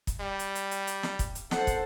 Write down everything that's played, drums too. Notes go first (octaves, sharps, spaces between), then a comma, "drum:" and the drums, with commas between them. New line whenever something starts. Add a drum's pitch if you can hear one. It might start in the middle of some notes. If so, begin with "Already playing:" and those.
drum: kick, hi-hat
G3
drum: hi-hat
drum: hi-hat
drum: hi-hat
drum: hi-hat
drum: snare
drum: kick, hi-hat
drum: hi-hat
A4 C5 F#5, drum: snare
drum: kick, hi-hat